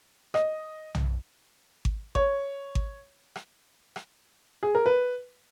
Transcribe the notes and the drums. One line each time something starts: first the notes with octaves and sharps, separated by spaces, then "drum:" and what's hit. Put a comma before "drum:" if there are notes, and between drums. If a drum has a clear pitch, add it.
D#5, drum: rim click
drum: tom B1
drum: kick G#1
C#5, drum: kick G#1
drum: kick G#1
drum: rim click
drum: rim click
G#4
A#4
B4